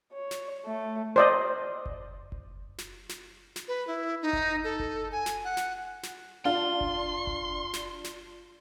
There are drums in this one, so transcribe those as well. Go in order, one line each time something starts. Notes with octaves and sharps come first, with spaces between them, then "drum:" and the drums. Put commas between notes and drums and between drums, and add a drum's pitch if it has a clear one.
C#5
drum: snare
A3
C5 D5 D#5
drum: kick F#1
drum: kick F#1
drum: snare
drum: snare
drum: snare
B4
E4
D#4
drum: kick F#1
A4
drum: kick F#1
G#5
drum: snare
F#5
drum: snare
drum: snare
D4 F4 C6
drum: kick F#1
drum: kick F#1
drum: snare
drum: snare